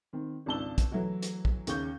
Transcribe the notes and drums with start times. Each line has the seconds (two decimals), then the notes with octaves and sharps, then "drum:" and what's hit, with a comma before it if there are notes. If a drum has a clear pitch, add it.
0.13 D#3 C4
0.46 G#1 C#2 D4 A5 E6 G7
0.78 drum: kick, hi-hat
0.91 E3 F#3 A3 E4 F#4
1.23 drum: hi-hat
1.45 drum: kick
1.67 D#2 C#3 C#4 C#6 G6, drum: hi-hat